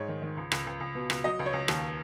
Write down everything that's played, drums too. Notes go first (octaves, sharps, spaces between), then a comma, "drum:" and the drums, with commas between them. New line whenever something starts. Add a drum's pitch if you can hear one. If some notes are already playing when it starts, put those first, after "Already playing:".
Already playing: G#2 G#3 C#5
D#3
D#3
C#2
C#2, drum: rim click
C#2
C#2
B2
C#2, drum: rim click
F#3 D#5
C#2
C#5
C#2
D#2, drum: rim click